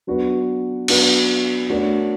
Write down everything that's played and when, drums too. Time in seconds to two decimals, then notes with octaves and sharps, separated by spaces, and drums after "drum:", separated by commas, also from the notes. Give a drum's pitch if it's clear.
0.07 F#3 B3 D4 F#4 B4
0.88 F#3 B3 D4 F#4 B4, drum: cymbal
1.70 A3 D4 F#4 A#4 C#5